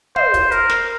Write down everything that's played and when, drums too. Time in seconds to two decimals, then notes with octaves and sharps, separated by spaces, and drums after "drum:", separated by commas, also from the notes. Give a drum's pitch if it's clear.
0.16 C5, drum: tom
0.34 drum: kick, hi-hat
0.52 A#4, drum: hi-hat
0.70 drum: snare